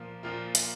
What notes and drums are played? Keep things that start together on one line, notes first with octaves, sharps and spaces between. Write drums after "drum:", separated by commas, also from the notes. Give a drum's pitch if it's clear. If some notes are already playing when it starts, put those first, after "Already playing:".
Already playing: A#2 F3 A#3 F4
A#2 F3 A#3 F4
drum: hi-hat